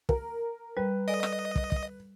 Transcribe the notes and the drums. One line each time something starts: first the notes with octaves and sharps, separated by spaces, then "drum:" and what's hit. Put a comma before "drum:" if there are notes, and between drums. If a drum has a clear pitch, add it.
A#4, drum: kick
G3 B4
A4 D5 D#5 G#5
drum: rim click
drum: kick
drum: kick